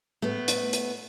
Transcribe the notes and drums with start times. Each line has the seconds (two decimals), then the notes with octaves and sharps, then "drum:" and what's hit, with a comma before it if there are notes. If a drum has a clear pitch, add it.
0.22 A2 A3 B3
0.48 drum: hi-hat
0.73 drum: hi-hat